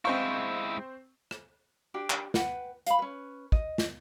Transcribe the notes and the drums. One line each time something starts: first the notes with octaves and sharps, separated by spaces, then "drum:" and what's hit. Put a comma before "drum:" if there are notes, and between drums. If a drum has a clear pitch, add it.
G#3 C4 E4 C5 D#5 F5 C#6
drum: rim click
D4 G4
drum: clap
B4 F#5 G5, drum: snare
F5 B5, drum: hi-hat
C#4 B4
D#5, drum: kick
drum: snare